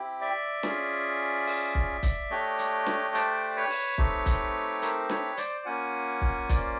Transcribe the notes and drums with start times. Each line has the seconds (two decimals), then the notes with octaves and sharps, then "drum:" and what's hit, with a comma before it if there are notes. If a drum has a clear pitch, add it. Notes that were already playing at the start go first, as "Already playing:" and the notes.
Already playing: C4 E4 G4
0.21 D5 E5
0.63 C#4 F4 G#4, drum: snare
1.47 drum: open hi-hat
1.75 drum: kick
2.03 drum: kick, hi-hat
2.30 A3 D4 G4 C#5 D#5
2.59 drum: hi-hat
2.86 drum: snare
3.14 C5 D5, drum: hi-hat
3.56 B4 C#5
3.70 drum: open hi-hat
3.98 A3 C4 D#4 G4, drum: kick
4.26 drum: kick, hi-hat
4.82 A#4 C5, drum: hi-hat
5.09 B4 C#5, drum: snare
5.37 C5 D5, drum: hi-hat
5.65 A#3 C#4 F4 F#5 G#5
6.21 drum: kick
6.49 C5 D5, drum: kick, hi-hat